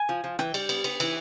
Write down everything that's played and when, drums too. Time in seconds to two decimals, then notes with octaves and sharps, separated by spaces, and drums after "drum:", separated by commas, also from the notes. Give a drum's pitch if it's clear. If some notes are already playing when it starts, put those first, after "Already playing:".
Already playing: G#5
0.09 F3
0.24 F3
0.39 E3 G5, drum: rim click
0.54 G3, drum: cymbal
0.69 B3, drum: cymbal
0.84 B3, drum: cymbal
1.00 E3, drum: cymbal